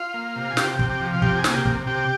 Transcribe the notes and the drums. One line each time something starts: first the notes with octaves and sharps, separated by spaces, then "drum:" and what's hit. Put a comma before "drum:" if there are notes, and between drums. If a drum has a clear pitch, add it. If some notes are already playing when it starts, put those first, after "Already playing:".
Already playing: F4 F5
A#3
C3
G#5
C3 G4 G5, drum: snare
G4 G5
C3, drum: kick
G4 G5
F3
F5
C3 G4 G5, drum: kick
G#4 G#5
A#3, drum: snare
G4 G5
C3, drum: kick
C3 G4 G5